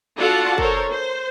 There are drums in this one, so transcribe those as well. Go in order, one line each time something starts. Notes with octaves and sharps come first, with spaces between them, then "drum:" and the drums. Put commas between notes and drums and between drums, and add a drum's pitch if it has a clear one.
D4 F4 F#4 A4 F#5 A5
A4 A#4 C5 C#5, drum: kick
C5